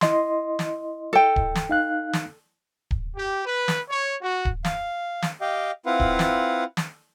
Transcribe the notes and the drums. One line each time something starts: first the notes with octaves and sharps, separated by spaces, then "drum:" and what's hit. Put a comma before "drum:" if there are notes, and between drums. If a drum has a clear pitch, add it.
E4 D#5 C6, drum: snare
drum: snare
A4 G5
drum: kick D1
drum: snare
D#4 F5 F#6
drum: snare
drum: kick D1
G4
B4
drum: snare
C#5
F#4
drum: kick D1
F5, drum: snare
drum: snare
G4 D#5 F5 G5
C4 E4 F4 B4 F5 F#5
drum: kick D1
drum: snare
drum: snare